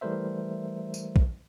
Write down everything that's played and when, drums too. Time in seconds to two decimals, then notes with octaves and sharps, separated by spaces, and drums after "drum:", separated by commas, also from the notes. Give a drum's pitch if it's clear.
0.01 E3 G3 A3 A#4 C5 E5
0.94 drum: tambourine
1.16 drum: kick